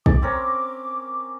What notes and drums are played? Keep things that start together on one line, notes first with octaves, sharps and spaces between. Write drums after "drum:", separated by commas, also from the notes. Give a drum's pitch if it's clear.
D5 D6, drum: kick
C4 C#4 A#4